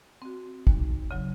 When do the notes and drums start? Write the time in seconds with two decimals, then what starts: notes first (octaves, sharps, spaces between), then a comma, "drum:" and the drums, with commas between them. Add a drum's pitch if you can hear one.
0.22 C4 F#4
0.67 D#2, drum: kick
1.11 C#3 F#3